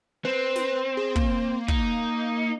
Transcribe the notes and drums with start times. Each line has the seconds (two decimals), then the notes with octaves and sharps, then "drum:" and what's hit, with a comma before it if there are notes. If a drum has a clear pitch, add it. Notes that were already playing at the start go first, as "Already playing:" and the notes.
0.25 C4 B4
0.56 drum: snare
0.97 G#4
1.16 A#3, drum: kick
1.68 D#4, drum: kick